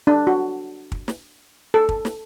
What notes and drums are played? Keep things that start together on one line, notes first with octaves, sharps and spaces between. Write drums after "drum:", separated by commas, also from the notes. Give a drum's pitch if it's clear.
D4
F#4
drum: kick
drum: snare
A4
drum: kick
drum: snare